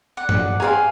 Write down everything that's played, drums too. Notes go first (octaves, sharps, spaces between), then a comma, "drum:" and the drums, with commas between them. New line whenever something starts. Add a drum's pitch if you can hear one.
D5 F#5
drum: tom G2
C4 G#4 F5 G#5 A#5